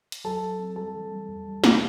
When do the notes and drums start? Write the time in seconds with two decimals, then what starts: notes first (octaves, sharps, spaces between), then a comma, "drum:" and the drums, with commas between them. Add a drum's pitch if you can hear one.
0.12 drum: hi-hat
0.24 F#3 A4 A5
0.42 G1
0.59 C4
0.76 G3 A4 A5
0.94 E3
1.12 G3
1.28 E2
1.46 G3
1.64 C3, drum: snare